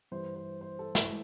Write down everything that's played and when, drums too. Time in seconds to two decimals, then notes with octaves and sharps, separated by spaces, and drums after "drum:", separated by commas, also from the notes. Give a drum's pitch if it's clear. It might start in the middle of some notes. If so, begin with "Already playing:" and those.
0.11 G2 E3 G3 C5
0.36 C5
0.61 C5
0.79 A4
0.95 E4, drum: snare